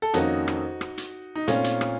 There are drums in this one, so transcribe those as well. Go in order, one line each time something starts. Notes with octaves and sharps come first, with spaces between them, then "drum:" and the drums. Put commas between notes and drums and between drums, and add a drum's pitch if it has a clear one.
A4
F2 D#3 A#3 C#4 D#4 F#4, drum: hi-hat
drum: rim click
drum: rim click
drum: hi-hat
D#4
A#2 A3 C4 C#4 D#4 F4, drum: hi-hat
drum: hi-hat
drum: rim click